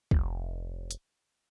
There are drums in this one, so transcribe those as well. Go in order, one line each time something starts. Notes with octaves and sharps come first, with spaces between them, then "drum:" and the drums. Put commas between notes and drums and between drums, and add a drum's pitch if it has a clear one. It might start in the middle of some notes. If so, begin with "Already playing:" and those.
F1, drum: kick
drum: hi-hat